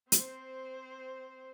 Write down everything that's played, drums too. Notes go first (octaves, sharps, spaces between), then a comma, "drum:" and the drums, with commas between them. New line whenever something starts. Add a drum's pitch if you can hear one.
C4 C5, drum: hi-hat